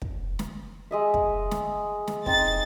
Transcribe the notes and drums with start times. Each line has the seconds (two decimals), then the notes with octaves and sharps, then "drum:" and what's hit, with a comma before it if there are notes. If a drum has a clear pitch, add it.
0.02 drum: kick
0.39 drum: snare
0.91 G#3 D#5 E5
1.14 drum: kick
1.51 drum: snare
2.07 drum: snare
2.26 C4 D#4 A6, drum: kick